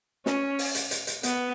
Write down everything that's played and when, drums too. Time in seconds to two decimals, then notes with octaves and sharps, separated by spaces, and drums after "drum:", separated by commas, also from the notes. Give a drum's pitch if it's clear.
0.26 C#4, drum: snare
0.59 drum: open hi-hat
0.75 drum: hi-hat
0.91 drum: hi-hat
1.07 drum: hi-hat
1.23 B3, drum: hi-hat